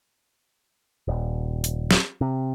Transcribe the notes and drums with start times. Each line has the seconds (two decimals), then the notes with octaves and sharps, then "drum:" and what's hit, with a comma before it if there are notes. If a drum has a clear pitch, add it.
1.08 D#1
1.64 drum: hi-hat
1.91 drum: snare
2.21 C3